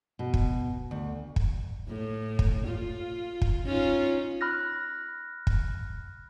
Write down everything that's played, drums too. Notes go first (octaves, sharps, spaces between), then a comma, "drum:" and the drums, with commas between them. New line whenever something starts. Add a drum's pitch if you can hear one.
B2
drum: kick
D2
drum: kick
A2
drum: kick
F4
drum: kick
C#4 D#4 F4
B5 F6 F#6 A#6
drum: kick